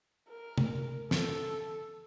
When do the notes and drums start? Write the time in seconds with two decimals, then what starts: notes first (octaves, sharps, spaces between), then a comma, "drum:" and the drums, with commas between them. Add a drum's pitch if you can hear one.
0.29 A#4
0.58 drum: tom
1.11 A4, drum: snare